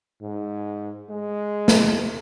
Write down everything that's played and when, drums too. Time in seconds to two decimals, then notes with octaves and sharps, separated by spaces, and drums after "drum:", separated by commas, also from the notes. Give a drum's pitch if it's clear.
0.21 G#2
1.10 G#3
1.68 drum: snare